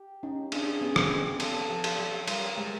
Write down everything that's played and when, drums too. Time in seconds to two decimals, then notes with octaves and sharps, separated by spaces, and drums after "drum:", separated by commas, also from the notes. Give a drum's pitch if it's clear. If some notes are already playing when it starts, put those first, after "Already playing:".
Already playing: G4
0.23 C#4 D#4
0.52 C4 D4 G#4, drum: cymbal
0.81 B3 C#4
0.96 drum: rim click
1.10 C4
1.40 B3 A4, drum: cymbal
1.70 F3
1.84 drum: cymbal
1.98 F#3
2.28 G3 A#4, drum: cymbal
2.57 G#3